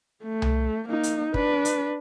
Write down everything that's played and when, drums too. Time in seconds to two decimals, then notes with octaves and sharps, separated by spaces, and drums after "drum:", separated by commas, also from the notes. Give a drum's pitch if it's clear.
0.23 A3
0.42 drum: tom C2
0.89 A#3 D#4
1.03 drum: hi-hat
1.34 D4 B4, drum: kick
1.65 drum: hi-hat